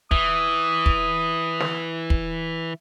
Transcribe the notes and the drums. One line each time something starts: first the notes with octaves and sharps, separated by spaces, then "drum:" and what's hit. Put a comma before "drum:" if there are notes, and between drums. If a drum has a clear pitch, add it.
E3 D#6, drum: kick
drum: kick
drum: snare
drum: kick